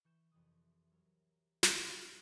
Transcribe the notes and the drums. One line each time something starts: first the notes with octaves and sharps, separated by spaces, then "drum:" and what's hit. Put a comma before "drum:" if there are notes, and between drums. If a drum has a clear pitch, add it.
E3 C#6 G6 E7
C2 F2 E3 D#6
F#3 A#4
drum: snare
E5 F#5 A#5 C6 C#6